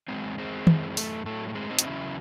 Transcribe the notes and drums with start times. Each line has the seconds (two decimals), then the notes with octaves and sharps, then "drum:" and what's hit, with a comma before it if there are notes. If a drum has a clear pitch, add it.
0.08 E2 C#3 F#3 G#3 C4
0.38 G#3 C4
0.67 F#2 E3, drum: tom
0.97 A3, drum: open hi-hat
1.25 A2 F#3 A3
1.48 A3
1.55 G#3 C4
1.70 C4 D#4
1.79 F#4, drum: hi-hat
1.85 E2 C#3 F#3 C#4 E4